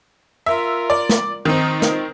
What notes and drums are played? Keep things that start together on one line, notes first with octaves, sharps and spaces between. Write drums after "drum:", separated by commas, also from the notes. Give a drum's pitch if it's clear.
F4 A#4 E5
D5
drum: snare
D#3 C4 D#4
A#4, drum: snare